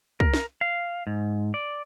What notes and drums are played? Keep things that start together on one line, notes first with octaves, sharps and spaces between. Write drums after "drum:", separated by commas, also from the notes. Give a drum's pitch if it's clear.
A#4, drum: kick
drum: snare
F5
G#2
D5